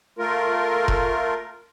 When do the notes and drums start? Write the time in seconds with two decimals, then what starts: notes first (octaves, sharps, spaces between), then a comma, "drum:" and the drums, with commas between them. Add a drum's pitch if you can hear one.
0.19 A3 F4 A#4
0.88 drum: kick F1